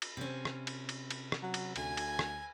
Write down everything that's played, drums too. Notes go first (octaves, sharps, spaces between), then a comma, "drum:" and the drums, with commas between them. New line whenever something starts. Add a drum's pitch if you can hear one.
drum: cymbal
C3 C#4
drum: rim click
drum: cymbal
drum: cymbal
drum: cymbal
drum: rim click
F#3
drum: cymbal
D2 G#5, drum: cymbal
drum: cymbal
drum: rim click